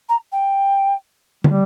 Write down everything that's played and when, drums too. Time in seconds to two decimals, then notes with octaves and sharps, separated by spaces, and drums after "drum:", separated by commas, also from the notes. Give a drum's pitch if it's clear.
0.09 A#5
0.32 G5
1.44 G3, drum: tom